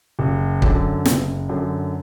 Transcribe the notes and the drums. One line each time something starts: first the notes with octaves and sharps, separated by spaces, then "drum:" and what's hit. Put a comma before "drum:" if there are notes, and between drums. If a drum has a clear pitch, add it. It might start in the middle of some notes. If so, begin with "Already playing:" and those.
F#1
F#2 D3, drum: kick
F#1, drum: snare
F#2 D3